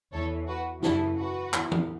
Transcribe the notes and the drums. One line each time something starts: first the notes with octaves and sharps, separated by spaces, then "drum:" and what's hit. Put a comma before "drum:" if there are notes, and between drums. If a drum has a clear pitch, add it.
E2 E3 A4 C#5
F#4 B4
F#2 C#3 E3 E4 A4, drum: snare
F#4 B4
E2 E3, drum: clap
drum: tom E3